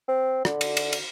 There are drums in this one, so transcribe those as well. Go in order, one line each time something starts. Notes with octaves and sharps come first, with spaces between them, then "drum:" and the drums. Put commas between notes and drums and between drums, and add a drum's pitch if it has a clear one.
C4
D3, drum: rim click
drum: cymbal
drum: cymbal
drum: cymbal